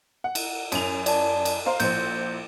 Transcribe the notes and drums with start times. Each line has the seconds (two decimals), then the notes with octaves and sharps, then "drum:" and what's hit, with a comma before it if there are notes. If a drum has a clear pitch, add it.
0.24 F#5
0.35 drum: cymbal
0.72 F#2 F7, drum: cymbal
1.06 D5 A5, drum: cymbal
1.45 drum: cymbal
1.66 C5 F5 A#5
1.80 A#1 C5 G6, drum: cymbal